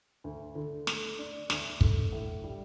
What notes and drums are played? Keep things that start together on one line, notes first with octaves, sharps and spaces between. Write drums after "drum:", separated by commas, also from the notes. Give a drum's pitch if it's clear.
D2
D3
A3, drum: snare
D4
D2, drum: snare
D3, drum: kick
A2
G3